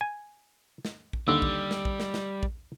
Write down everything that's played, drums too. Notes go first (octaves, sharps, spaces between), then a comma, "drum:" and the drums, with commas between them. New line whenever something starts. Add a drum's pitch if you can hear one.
G#5
drum: snare
drum: kick
D#2 D3 G3 E6
drum: kick
drum: snare
drum: kick
drum: snare
drum: snare
drum: kick